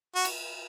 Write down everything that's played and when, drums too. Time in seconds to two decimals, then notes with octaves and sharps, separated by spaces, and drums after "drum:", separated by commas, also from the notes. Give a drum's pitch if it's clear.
0.16 F#4
0.25 drum: cymbal